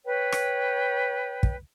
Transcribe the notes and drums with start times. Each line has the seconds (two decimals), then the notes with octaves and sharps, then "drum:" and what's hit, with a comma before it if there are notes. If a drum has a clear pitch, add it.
0.05 B4 C#5 G5
0.32 drum: rim click
1.43 drum: kick